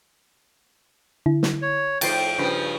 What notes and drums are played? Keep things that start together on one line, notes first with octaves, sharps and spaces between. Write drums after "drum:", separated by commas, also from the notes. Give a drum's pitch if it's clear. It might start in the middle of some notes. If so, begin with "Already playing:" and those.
D3 E4
drum: snare
C#5
A2 F3 C5 G5 A6 C7, drum: cymbal
G2 C#3 F3